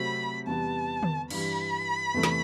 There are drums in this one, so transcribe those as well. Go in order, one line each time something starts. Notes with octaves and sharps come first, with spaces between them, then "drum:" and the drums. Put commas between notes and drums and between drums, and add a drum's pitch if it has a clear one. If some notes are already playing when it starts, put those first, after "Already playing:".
Already playing: C3 F#3 A3 C4 F#4 B5
E2 C3 G3 B3 A5
drum: tom D3
G2 E3 G3 B5, drum: cymbal
E2 C3 E3 A3
drum: snare